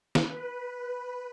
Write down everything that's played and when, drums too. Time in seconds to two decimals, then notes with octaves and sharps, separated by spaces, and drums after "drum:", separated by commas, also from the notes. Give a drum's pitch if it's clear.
0.15 B4, drum: snare